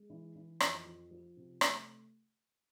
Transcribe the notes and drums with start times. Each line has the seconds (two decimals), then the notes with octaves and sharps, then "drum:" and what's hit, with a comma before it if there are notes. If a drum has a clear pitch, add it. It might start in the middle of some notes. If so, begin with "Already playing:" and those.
Already playing: G#3
0.10 E3
0.35 E3
0.60 F2, drum: rim click
0.86 F3
1.11 F3
1.37 C3
1.61 A3, drum: rim click